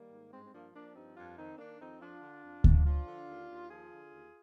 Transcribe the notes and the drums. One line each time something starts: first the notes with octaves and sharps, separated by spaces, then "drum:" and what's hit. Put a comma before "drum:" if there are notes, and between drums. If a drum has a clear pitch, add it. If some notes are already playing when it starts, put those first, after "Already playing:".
Already playing: D#3 G3 A#3
G#2
G2 G#3 C4
C4
F3 A#3 D4
F3 A#3 D4
G2 C4 D#4
F2 D4 F4
D#3 C4 D#4
D#3 A#3 D4
F2 C4 D#4
F3 D4 F4
D3
F2
F2, drum: kick D2
F3 D4 F4
D3
D#2
D#2
F3 F4 G#4
D3
D#2